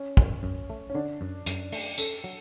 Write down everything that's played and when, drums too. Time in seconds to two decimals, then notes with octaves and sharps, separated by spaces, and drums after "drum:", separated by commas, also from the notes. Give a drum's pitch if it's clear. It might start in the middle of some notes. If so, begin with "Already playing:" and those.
Already playing: C#4
0.17 F#2, drum: kick
0.43 F#2
0.70 A3
0.90 C#4
0.95 D3 D4
1.21 F#2
1.46 F#2, drum: hi-hat
1.72 A3, drum: open hi-hat
1.98 C#4 A4, drum: tambourine
2.24 F#3